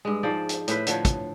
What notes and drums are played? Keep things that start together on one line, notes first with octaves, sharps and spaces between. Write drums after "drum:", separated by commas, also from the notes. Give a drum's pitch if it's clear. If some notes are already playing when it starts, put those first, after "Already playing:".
G2 G#3
G#2 F3 C5 D5
drum: hi-hat
A2 B4 C5 E5, drum: hi-hat
D3 F3 C#5, drum: hi-hat
drum: kick, hi-hat